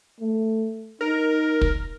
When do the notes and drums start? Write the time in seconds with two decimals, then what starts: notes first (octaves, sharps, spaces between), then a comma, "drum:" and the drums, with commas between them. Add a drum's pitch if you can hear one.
0.20 A3
1.01 D#4 A#4
1.61 drum: kick